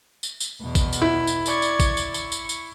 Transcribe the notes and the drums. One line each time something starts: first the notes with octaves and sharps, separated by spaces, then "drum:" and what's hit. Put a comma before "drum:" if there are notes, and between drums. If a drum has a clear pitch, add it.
drum: tambourine
drum: tambourine
E2 B2 B3
drum: kick, tambourine
drum: tambourine
E4
drum: tambourine
D5 C#6 G#6, drum: tambourine
drum: tambourine
drum: kick, tambourine
drum: tambourine
C#6, drum: tambourine
drum: tambourine
drum: tambourine